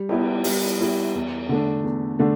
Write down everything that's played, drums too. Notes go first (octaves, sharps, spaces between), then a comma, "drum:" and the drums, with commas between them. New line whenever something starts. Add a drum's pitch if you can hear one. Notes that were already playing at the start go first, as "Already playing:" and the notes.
Already playing: G3
B3 E4 G4, drum: cymbal
G3, drum: open hi-hat
B3 E4 G4
E2
D3 A3 D4
E2
D3 A3 D4